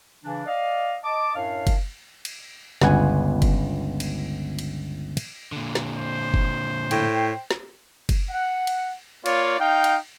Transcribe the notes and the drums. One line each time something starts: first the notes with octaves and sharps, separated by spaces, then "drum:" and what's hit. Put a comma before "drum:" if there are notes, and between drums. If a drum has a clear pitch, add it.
C#3 E3 D4
D5 D#5 F5
D#5 A5 D6
F#2 A2 D4 C#5 F5
drum: kick F#1, cymbal
drum: cymbal
G1 C#2 B3 F#5 G#5, drum: snare
drum: kick F#1, cymbal
drum: cymbal
drum: cymbal
drum: cymbal
A#2 D3
drum: snare
C5
drum: kick F#1
A2 G5, drum: cymbal
drum: snare
drum: kick F#1, cymbal
F#5
drum: cymbal
A#3 F4 C#5 D5, drum: cymbal
D#4 F5 G5
drum: cymbal